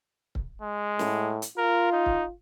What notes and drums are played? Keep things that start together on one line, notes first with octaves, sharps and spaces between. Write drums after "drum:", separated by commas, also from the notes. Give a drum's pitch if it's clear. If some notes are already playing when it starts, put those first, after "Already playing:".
drum: kick C#1
G#3
A2, drum: snare
drum: hi-hat
F4 A#4
D#4
drum: kick C#1